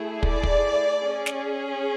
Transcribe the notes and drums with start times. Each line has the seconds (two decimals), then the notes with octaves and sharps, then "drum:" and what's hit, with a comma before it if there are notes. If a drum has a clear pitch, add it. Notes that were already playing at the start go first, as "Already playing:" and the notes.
Already playing: A3 E4 G#4
0.23 D5, drum: kick
0.43 drum: kick
1.06 C#4 G#4
1.26 drum: snare